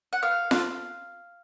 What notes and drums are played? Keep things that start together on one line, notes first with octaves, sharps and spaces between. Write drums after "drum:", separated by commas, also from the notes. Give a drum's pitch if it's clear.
F#5
B3 F5
D4 F4 A4, drum: snare F4